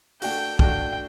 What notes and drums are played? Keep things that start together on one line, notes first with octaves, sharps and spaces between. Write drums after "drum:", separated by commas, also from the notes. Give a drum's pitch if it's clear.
A3 D4 F#4 G5, drum: open hi-hat
A3 D4 F#4 G5, drum: kick